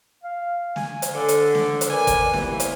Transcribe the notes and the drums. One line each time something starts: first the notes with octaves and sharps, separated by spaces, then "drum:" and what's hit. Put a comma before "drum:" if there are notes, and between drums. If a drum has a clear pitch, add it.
F5
G#5, drum: snare
drum: hi-hat
D3 A4
drum: hi-hat
drum: snare
drum: hi-hat
A#4 B4 D5 G#5
drum: kick, hi-hat
A#2 E3 G3 B3, drum: snare
drum: hi-hat